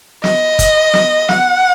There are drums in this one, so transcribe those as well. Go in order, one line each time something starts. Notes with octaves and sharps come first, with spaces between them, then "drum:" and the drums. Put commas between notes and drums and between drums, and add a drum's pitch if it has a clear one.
D#5, drum: snare
drum: kick, hi-hat
drum: snare
F#5, drum: snare